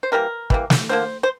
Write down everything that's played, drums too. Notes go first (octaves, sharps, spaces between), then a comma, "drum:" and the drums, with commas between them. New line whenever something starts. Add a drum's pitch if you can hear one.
C5
E3 G3 A#3 A#4
E3 G3 A#3, drum: kick
drum: snare
D3 F3 A#3 C5
C5